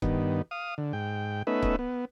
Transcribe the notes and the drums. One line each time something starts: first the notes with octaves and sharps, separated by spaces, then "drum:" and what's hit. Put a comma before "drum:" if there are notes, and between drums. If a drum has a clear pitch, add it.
G2 D#3 B3, drum: kick C#1
F5 D#6
D3
G#2 G5
A3 B3 C#4 D#4 B4 E5
drum: kick C#1
B3